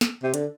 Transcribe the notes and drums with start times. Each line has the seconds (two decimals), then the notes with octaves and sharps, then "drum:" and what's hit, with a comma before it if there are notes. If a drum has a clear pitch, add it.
0.01 drum: snare
0.23 C3
0.34 D3, drum: hi-hat